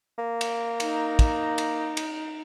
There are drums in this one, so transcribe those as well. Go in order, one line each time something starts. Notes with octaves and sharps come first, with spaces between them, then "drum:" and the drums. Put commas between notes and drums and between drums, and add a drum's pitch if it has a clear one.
A#3
drum: cymbal
D#4, drum: cymbal
drum: kick, cymbal
drum: cymbal
drum: cymbal